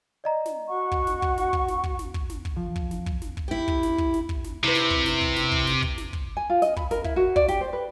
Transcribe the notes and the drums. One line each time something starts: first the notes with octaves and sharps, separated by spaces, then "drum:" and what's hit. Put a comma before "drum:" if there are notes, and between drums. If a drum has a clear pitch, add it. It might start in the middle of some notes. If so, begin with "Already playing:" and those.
D5 D#5 A#5
drum: snare
F#4 F#5 C#6
drum: kick
drum: snare
drum: kick
drum: snare
drum: kick
drum: snare
drum: kick
drum: snare
drum: kick
drum: snare
drum: kick
F3
drum: kick
drum: snare
drum: kick
drum: snare
drum: kick
E4 G4
drum: kick
drum: snare
drum: kick
drum: snare
drum: kick
drum: snare
C3 E4 B4
drum: snare
drum: kick
drum: snare
drum: kick
drum: snare
drum: kick
drum: snare
drum: kick
drum: snare
drum: kick
G#5
F4
D#5, drum: snare
B5, drum: kick
A#4, drum: snare
E4, drum: kick
F#4
D5, drum: kick
G4, drum: snare
C5
B4